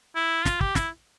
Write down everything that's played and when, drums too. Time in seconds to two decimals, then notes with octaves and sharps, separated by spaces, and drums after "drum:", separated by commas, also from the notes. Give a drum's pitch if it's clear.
0.16 E4
0.45 F4, drum: snare
0.61 G4, drum: kick
0.75 E4, drum: snare